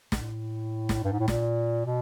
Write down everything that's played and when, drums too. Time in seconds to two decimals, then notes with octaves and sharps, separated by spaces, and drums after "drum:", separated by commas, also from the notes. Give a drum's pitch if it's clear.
0.12 A2, drum: snare
0.89 drum: snare
1.04 G2
1.12 G#2
1.20 A2
1.28 A#2, drum: snare
1.86 B2